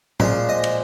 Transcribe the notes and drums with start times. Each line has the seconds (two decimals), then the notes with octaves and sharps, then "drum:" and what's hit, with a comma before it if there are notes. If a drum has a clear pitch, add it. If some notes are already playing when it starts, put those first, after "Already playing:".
0.20 A#2 F3 G#3 F5, drum: tom A2
0.49 D#5
0.64 drum: cymbal